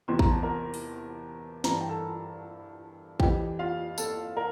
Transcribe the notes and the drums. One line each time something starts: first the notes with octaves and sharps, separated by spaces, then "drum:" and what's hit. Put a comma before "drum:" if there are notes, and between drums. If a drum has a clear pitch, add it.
E2 C3 E3 C6
A#5, drum: kick A1
A5
A#4 A#5
drum: open hi-hat
G2 E3 A#5, drum: snare
A5
G5
A4 A5
F2 E3 G4 G5, drum: kick A1
F4 F5
A4 A5, drum: tambourine
A#4